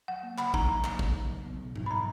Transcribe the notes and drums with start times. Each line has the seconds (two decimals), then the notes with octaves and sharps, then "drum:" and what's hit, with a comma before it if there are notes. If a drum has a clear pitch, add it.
0.08 F#3 F#5
0.23 A#3
0.38 C#3 B5, drum: clap
0.54 D#4 A#5, drum: kick
0.69 F#3 A#5
0.84 A#3, drum: clap
0.99 C#3, drum: kick
1.15 D#4
1.30 F#3
1.45 B3
1.60 B2
1.76 D#4, drum: tom G#2
1.86 B5
1.91 F#3 A#5